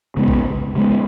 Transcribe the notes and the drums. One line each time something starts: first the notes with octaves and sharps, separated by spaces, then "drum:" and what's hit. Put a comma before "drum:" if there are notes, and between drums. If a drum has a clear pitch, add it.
C#3 G#3 B3
drum: kick A#1
C#3 G#3 B3